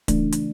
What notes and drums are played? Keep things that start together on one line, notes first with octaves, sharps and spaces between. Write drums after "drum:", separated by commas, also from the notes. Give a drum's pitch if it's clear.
C#3 E3 A3 D4, drum: kick D1, hi-hat
drum: hi-hat